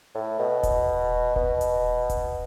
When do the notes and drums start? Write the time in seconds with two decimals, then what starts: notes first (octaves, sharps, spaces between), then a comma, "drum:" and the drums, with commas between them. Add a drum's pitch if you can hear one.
0.15 A2
0.39 B2
0.63 drum: kick D#1, hi-hat
1.36 B2, drum: kick D#1
1.61 drum: hi-hat
2.10 drum: kick D#1, hi-hat